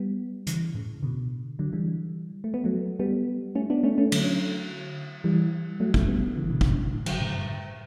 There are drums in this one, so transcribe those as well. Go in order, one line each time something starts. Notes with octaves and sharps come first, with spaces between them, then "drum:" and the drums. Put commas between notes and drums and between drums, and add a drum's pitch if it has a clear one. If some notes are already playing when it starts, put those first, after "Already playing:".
Already playing: G3 B3
C#3 E3, drum: hi-hat
A2 C#3
B2 D3
D3 F#3
E3 G3
A3
B3
F#3 A3
G3 B3
A3 C#4
B3 D4
A3 C#4
A3 C#4
D3 F#3, drum: cymbal
E3 G3
F#3 A3
F#3 A3, drum: kick
G3 B3
C#3 E3
B2 D3
drum: kick
A2
D3 F#3, drum: cymbal
A2 C#3
G2